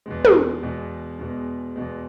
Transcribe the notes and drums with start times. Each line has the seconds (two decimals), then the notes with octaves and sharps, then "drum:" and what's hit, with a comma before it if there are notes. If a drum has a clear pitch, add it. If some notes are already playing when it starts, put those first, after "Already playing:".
0.06 E2 B2 G#3
0.25 drum: tom
0.63 E2 B2 G#3
1.19 E2 B2 G#3
1.76 E2 B2 G#3